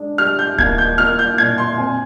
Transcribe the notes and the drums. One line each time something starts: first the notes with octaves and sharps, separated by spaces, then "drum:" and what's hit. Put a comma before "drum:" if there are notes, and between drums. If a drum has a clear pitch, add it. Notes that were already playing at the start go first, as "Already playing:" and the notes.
Already playing: G#3 D4
G3 F6
G6
A#3 G#6, drum: kick D1
G6
A#3 F6
G6
A#2 G#6
C6
C4 G#5